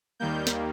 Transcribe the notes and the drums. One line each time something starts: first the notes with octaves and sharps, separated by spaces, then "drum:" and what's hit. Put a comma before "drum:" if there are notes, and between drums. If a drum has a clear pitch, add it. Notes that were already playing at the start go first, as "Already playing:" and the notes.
D#2 D#3 G3 A#3 G6
drum: snare